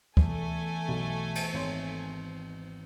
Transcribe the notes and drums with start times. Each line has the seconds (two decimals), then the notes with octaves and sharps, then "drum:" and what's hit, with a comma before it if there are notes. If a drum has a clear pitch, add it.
0.17 E2 A3 A4 G#5, drum: kick D2
0.88 B1
1.35 drum: cymbal
1.53 G#1 C#5 C6